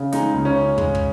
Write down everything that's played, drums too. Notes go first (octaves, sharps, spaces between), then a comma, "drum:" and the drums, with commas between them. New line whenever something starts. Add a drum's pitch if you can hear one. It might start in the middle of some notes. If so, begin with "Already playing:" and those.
Already playing: C#3
G#3 D#4, drum: snare
C#2
C#4
C#3
G#3, drum: kick
drum: kick